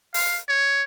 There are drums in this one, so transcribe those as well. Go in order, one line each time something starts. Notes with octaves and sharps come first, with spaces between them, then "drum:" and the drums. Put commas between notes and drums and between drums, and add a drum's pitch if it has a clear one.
F5, drum: open hi-hat
C#5